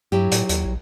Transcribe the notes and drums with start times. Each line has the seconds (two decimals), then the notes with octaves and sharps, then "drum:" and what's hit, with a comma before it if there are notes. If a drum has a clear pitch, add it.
0.12 G2 F#3 E4 G4
0.32 A2, drum: hi-hat
0.49 D#2, drum: hi-hat
0.65 A#1